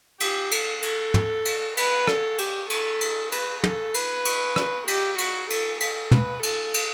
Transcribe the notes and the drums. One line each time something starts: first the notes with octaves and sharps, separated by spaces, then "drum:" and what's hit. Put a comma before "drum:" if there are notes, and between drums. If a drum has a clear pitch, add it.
G4, drum: cymbal
A4, drum: cymbal
A4, drum: cymbal
drum: tom
drum: cymbal
B4, drum: cymbal
A4, drum: rim click
G4, drum: cymbal
A4, drum: cymbal
drum: cymbal
B4, drum: cymbal
A4, drum: tom
B4, drum: cymbal
drum: cymbal
drum: rim click
G4, drum: cymbal
F#4, drum: cymbal
A4, drum: cymbal
A4, drum: cymbal
B4, drum: tom
A4, drum: cymbal
drum: cymbal